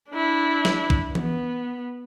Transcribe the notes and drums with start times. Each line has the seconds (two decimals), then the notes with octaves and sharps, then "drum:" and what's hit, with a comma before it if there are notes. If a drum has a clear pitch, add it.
0.11 D4 E4
0.65 drum: snare
0.90 drum: kick
1.15 B3, drum: tom E3